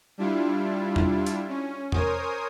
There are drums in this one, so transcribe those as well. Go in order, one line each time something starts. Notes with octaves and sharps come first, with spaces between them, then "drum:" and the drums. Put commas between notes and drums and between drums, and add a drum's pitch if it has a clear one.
G3 D4 E4 F4
drum: tom E2
drum: hi-hat
C#4
A#4 C5 C#5 G#5 D#6, drum: tom E2